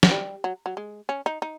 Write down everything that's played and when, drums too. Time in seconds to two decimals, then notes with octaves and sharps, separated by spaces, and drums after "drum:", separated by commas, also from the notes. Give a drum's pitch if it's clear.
0.03 F#3, drum: snare
0.11 G3
0.44 F#3
0.66 F#3
0.77 G#3
1.09 C#4
1.26 D#4
1.42 D#4